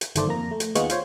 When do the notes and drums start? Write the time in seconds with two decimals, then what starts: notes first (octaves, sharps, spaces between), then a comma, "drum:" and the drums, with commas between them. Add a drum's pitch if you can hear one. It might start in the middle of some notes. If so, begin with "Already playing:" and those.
0.01 drum: hi-hat
0.15 G1 D#3 A3 C5 D5, drum: hi-hat
0.27 F2 A#3 A#5
0.51 A3
0.60 drum: hi-hat
0.75 D#2 G#3 B3 F4 C#6, drum: hi-hat
0.90 F4 C5 C#5, drum: hi-hat